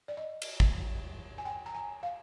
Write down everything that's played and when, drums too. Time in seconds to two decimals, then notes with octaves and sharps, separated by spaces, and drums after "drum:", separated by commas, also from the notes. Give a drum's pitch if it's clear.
0.08 D5
0.17 D#5
0.42 drum: cymbal
0.60 drum: kick G#1
1.38 G#5
1.45 G5
1.66 A#5
1.74 G#5
2.03 F5